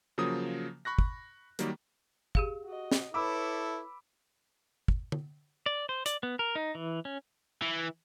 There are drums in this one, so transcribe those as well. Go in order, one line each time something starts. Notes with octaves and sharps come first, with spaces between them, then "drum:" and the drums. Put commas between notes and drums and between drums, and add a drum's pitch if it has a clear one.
C#3 F3 F#3 A#3 D#6
B5 C#6 F#6 A#6
drum: kick
D#3 F#3 G3 A#3, drum: hi-hat
G4 G#4 F5, drum: kick
F#4 D#5
drum: snare
E4 A4 B4 C#5 E5 B5 D6 E6
drum: kick
drum: tom D3
D5
C5
D5, drum: hi-hat
B3
A#4
D#4
E3
C#4
E3